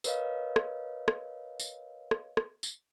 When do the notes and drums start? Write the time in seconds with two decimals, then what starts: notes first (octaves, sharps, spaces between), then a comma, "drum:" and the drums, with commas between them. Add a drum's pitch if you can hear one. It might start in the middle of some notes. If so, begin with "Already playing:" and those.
0.04 A#4 B4 C#5 D#5 F5, drum: tambourine
0.56 drum: rim click
1.08 drum: rim click
1.60 drum: tambourine
2.11 drum: rim click
2.37 drum: rim click
2.63 drum: tambourine